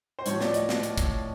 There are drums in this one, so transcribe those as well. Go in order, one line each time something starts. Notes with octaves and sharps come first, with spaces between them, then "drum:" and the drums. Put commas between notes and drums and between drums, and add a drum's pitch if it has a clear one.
C5
A2 F3 C#5, drum: hi-hat
D5, drum: snare
D#5, drum: hi-hat
drum: snare
drum: hi-hat
drum: kick, hi-hat